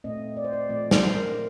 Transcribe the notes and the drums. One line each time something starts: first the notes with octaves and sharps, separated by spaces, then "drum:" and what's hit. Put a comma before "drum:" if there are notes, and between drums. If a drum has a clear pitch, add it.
A#2 A3 C4 D#5
D5
C5
D5
A#2 F3 A3 C4 D5
C5, drum: snare
A#4